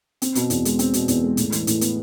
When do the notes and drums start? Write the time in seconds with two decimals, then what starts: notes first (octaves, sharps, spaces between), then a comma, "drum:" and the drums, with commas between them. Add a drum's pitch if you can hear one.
0.22 C4, drum: hi-hat
0.35 B2, drum: hi-hat
0.50 E2, drum: hi-hat
0.65 G#3, drum: hi-hat
0.79 C4, drum: hi-hat
0.94 B2, drum: hi-hat
1.08 E2, drum: hi-hat
1.24 G#3
1.37 A2, drum: hi-hat
1.52 E3, drum: hi-hat
1.67 A2, drum: hi-hat
1.81 B3, drum: hi-hat